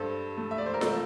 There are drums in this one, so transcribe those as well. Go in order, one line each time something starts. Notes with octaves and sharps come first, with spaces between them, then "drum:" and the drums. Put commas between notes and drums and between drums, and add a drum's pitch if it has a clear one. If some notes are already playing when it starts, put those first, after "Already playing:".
Already playing: G2 A4 C5
A3
E5
D5
C5
A#4
A3 A4, drum: snare F4